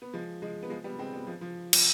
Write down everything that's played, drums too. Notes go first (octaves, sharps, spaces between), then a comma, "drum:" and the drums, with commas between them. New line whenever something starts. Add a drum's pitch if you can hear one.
B3
F3 G#3
F3 G#3
B3
F3 G#3
G3 B3
G#3 C4
G3 B3
F3 G#3
F3
F3, drum: cymbal